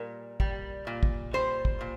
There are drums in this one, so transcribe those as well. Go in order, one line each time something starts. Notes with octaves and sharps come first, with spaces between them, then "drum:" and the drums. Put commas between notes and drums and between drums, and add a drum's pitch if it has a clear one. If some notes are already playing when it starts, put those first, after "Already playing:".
Already playing: A#2 G3 A#4
G3, drum: kick
A#2
drum: kick
G3 C5
drum: kick
A#2